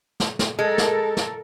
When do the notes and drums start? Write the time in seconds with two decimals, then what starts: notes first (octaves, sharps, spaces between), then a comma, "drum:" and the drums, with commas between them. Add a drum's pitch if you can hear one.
0.20 drum: snare
0.39 drum: snare
0.59 G#3 A4 A#4
0.78 drum: snare
1.17 drum: snare